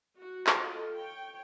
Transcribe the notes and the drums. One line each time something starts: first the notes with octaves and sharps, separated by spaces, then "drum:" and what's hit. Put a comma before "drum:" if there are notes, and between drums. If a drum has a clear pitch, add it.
F#4
drum: clap
F4 A4 D#5
C#5 G5